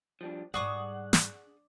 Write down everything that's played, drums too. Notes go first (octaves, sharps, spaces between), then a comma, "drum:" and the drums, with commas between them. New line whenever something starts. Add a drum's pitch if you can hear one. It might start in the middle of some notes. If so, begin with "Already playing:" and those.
F3 G3 D4
G#2 G3 D4 G#4 F#5 C#6 D#6
drum: snare